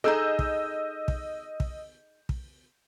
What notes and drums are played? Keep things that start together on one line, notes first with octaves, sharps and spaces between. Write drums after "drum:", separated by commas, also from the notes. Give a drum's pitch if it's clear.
D#4 G#4 A4 D#5 A#5 E6 G6
drum: kick
drum: kick
drum: kick
drum: kick